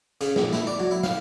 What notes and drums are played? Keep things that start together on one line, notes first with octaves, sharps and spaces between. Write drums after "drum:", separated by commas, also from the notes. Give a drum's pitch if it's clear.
C#3, drum: hi-hat
A#1, drum: snare
E4, drum: snare
D5
F#3
E4
F5, drum: snare